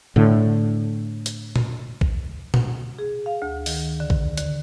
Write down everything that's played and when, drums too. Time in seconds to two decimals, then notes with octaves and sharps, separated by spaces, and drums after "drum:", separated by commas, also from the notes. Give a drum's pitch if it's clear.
0.16 A2 D3
1.26 drum: hi-hat
1.56 drum: tom A#2
2.01 drum: kick A#1
2.54 drum: tom A#2
2.99 G#4
3.26 F5
3.42 D2
3.66 D#3, drum: open hi-hat
4.00 D3
4.10 drum: kick A#1
4.38 D3, drum: hi-hat